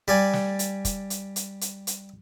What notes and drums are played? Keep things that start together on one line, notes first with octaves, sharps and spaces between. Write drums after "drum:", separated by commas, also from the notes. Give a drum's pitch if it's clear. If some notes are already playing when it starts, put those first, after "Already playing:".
G3 D5 G#5
drum: snare
drum: hi-hat
drum: kick, hi-hat
drum: hi-hat
drum: hi-hat
drum: hi-hat
drum: hi-hat